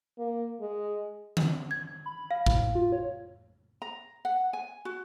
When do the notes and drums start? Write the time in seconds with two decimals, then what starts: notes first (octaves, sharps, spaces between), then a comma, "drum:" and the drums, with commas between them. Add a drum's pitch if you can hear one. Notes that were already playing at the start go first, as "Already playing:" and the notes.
0.18 A#3
0.61 G#3
1.37 drum: tom D3
1.71 G#6
2.06 B5
2.31 F5
2.46 A2, drum: kick G#1
2.75 F4
2.92 C#5
3.82 A#5
4.25 F#5
4.53 G#5
4.85 F#4